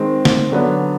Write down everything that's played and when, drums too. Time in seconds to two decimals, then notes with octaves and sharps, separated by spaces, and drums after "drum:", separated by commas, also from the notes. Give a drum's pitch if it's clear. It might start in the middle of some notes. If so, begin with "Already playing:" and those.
Already playing: D#3 G#3 C4
0.25 drum: snare
0.52 D3 F#3 B3 D4